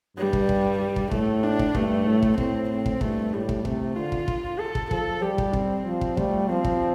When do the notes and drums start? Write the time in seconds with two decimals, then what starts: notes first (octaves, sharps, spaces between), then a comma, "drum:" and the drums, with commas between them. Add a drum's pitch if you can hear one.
0.17 G2 G3
0.33 drum: kick
0.49 drum: kick
0.96 drum: kick
1.11 A2 A3, drum: kick
1.43 D4
1.59 drum: kick
1.75 G2 A3, drum: kick
2.06 A2
2.22 drum: kick
2.38 A2 C4, drum: kick
2.70 C4
2.86 drum: kick
3.01 G2 A3, drum: kick
3.33 A2 G3
3.49 drum: kick
3.65 C3 A3, drum: kick
3.96 D3 F4
4.12 drum: kick
4.28 drum: kick
4.60 A4
4.75 drum: kick
4.91 F3 A4, drum: kick
5.22 G3 G4
5.38 drum: kick
5.53 C4, drum: kick
5.85 F3
6.01 drum: kick
6.17 G3 A3, drum: kick
6.48 F3 C4
6.64 drum: kick